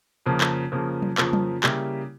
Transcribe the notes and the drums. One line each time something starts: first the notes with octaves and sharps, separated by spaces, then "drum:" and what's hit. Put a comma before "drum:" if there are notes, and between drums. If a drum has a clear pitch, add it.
F2 C#3 F3 A#3
drum: clap
F2 C#3 F3 A#3
drum: tom F#3
F2 C#3 F3 A#3, drum: clap
drum: tom F#3
C#3 G3 A#3 E4 G4, drum: clap